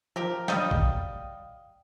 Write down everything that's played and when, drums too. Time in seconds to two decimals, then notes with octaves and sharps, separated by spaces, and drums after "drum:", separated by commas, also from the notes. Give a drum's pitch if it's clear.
0.16 F3 G4 A#4
0.48 G3 D#5 F5 G5 D#6, drum: snare
0.71 drum: kick A1